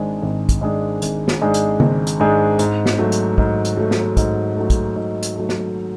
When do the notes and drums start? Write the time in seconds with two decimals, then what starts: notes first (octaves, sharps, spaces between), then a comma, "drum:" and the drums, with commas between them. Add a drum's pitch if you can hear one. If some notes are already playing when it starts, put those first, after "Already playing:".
Already playing: G#1 G#2 G#3 D4 G#4
0.23 G#1
0.49 drum: kick, hi-hat
0.61 G#2 G#3 D4 G#4
1.02 G#1, drum: hi-hat
1.28 drum: snare
1.41 G#2 G#3 D4 G#4
1.54 drum: hi-hat
1.80 G#1, drum: tom C#3
2.07 drum: hi-hat
2.20 G#2 G#3 D4 G#4
2.59 G#2, drum: hi-hat
2.86 drum: snare
2.98 F#3 A3
3.12 drum: hi-hat
3.38 G#2, drum: kick
3.65 drum: hi-hat
3.77 F#3 A3
3.91 drum: snare
4.17 G#2, drum: kick, hi-hat
4.56 F#3 A3
4.70 drum: kick, hi-hat
4.96 G#2
5.23 drum: hi-hat
5.36 F#3 A3
5.49 drum: snare